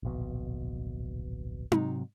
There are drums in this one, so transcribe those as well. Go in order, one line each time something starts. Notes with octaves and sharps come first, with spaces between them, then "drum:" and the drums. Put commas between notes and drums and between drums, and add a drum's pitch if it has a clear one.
D1 A#1 B2
G#2 C3 F#3, drum: tom D#4